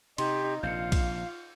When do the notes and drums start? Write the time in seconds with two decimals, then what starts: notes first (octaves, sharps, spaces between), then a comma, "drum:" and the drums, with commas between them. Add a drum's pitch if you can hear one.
0.18 C3 D#4 G4 C6, drum: cymbal
0.63 A#1 C3 F4 F5 G6 C#7
0.92 drum: kick, cymbal